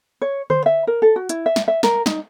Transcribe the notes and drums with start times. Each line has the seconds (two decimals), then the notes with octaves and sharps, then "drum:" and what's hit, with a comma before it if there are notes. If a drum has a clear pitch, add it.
0.22 C#5
0.50 C5, drum: tom D3
0.66 E5
0.87 A#4
1.02 A4
1.16 F#4
1.29 E4, drum: hi-hat
1.46 E5
1.56 drum: snare
1.68 E5
1.83 A#4, drum: snare
2.06 D#4, drum: snare